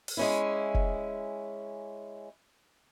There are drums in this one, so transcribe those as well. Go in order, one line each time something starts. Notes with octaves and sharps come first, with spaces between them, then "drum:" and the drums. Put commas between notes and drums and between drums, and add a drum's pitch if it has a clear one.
drum: open hi-hat
G#3 C#4 E4
drum: kick